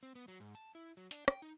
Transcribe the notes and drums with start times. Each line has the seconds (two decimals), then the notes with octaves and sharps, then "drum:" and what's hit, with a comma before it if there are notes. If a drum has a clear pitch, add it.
0.03 C4
0.15 B3
0.28 F#3
0.40 G#2
0.55 A5
0.75 E4
0.97 F#3
1.11 D4, drum: hi-hat
1.28 G5, drum: rim click
1.42 D#4